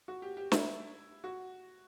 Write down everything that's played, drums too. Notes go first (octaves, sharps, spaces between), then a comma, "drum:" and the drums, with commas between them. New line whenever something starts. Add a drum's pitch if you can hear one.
F#4
G4
G4
E4, drum: snare
F#4